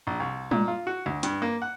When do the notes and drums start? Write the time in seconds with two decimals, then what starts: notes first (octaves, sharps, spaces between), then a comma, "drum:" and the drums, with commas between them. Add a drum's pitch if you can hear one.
0.07 A#1
0.20 C2
0.51 A#2, drum: tom G3
0.68 F4
0.87 F#4
1.06 D2
1.23 G2, drum: hi-hat
1.42 A#3
1.62 F#5